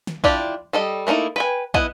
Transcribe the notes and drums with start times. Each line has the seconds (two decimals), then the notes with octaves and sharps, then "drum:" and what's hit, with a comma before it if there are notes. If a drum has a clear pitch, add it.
0.07 drum: snare
0.24 D4 E4 F4 G4 D5, drum: kick
0.73 G3 A4 D#5
1.07 A3 A#3 C#4 D#4 E4
1.36 B4 G5 G#5
1.74 B3 E4 D#5 F#5, drum: kick